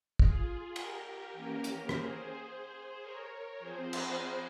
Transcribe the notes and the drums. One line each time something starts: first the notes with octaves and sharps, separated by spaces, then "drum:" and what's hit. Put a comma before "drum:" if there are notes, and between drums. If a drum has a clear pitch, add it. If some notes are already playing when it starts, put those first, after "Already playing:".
F4 G#4, drum: kick
G4 A#4, drum: cymbal
E3 A#3 C#4
drum: hi-hat
G#4 C5, drum: rim click
A#4 C#5
F3 C4 G#4 C5
drum: cymbal